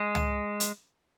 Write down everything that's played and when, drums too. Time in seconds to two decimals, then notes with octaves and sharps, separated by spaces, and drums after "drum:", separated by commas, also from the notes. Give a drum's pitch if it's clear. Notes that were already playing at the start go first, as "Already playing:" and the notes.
Already playing: G#3
0.15 drum: tom
0.60 drum: hi-hat